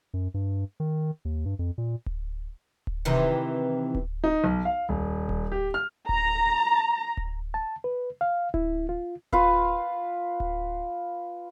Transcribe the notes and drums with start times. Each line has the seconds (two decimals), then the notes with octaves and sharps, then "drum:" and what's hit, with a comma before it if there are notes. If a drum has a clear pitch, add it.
0.14 F#2
0.34 G2
0.80 D#3
1.25 D#2
1.46 G2
1.59 F2
1.78 A#2
2.06 drum: kick D1
2.87 drum: kick D1
3.05 C3 D#3 E3
3.95 drum: kick D1
4.24 D#4
4.44 B1
4.65 F5
4.89 D#1
5.29 drum: kick D1
5.52 G4
5.74 F6
6.09 A#5, drum: kick D1
7.17 drum: kick D1
7.54 A5
7.84 B4
8.21 F5
8.54 E4, drum: kick D1
8.89 F4
9.32 F4 B4 F5, drum: kick D1
10.40 drum: kick D1